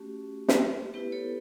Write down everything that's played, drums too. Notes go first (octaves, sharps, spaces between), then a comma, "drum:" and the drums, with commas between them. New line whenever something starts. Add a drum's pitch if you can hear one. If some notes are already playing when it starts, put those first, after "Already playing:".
Already playing: A3 C#4 F#4 G4
drum: snare
B3 E4 G4 B4
A4 C#5